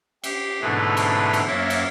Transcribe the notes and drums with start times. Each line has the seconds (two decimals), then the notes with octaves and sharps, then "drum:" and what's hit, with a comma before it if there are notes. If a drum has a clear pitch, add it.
0.24 G4, drum: cymbal
0.61 G#2 B2 D3 E3 A3
0.97 drum: cymbal
1.33 drum: cymbal
1.47 F#2 A#3 A#4 C#5 E5 D6
1.70 drum: cymbal